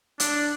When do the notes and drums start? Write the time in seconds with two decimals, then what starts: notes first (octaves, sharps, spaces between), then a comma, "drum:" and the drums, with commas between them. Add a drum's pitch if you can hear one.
0.20 D4, drum: hi-hat